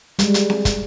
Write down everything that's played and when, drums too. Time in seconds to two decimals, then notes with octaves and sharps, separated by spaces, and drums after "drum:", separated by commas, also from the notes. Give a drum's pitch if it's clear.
0.19 G3 G#3, drum: hi-hat
0.34 drum: hi-hat
0.50 drum: snare C4
0.65 drum: kick, hi-hat